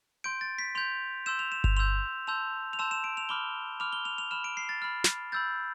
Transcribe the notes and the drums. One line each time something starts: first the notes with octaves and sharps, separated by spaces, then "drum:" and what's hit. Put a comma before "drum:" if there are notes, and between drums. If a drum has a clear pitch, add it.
C6 G6 D7
A6
B6
C6 G6 F7
C6 E6 G6 E7
F7
E7
F7, drum: kick G1
C6 E6 G6 F7
A5 C6 E6 G6 F7
F7
A5 C6 E6 G6 E7
E7
D7
F7
B5 D6 F6 G7
B5 D6 F6 F7
G7
F7
F7
B5 F6 E7
D7
C7
A6
B5 F6
drum: snare
B5 E6 G6 A6